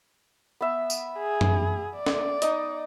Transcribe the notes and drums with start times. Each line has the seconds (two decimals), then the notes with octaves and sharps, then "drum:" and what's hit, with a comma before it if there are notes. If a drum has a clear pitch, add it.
0.61 B3 E5
0.90 drum: tambourine
1.19 G#4
1.41 drum: tom F#2
1.96 D5
2.06 drum: snare
2.42 D#4 D#5, drum: hi-hat